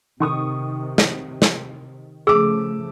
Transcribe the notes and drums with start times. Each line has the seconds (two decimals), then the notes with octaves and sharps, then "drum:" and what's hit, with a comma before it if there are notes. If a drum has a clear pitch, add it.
0.20 C3 D#3 C#6 D#6
0.98 drum: snare
1.42 drum: snare
2.27 C#3 F3 A3 G#4 D6 E6